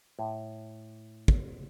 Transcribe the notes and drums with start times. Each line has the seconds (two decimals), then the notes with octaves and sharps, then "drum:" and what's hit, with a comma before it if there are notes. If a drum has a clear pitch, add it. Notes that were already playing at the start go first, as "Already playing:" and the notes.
0.19 A2
1.28 drum: kick